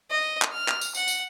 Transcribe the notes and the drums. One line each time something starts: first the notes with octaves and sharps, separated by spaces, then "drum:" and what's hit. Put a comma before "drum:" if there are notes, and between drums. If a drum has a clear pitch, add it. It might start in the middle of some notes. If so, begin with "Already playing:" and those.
D#5
drum: clap
F6
drum: clap
drum: tambourine
F#5, drum: tambourine
drum: tambourine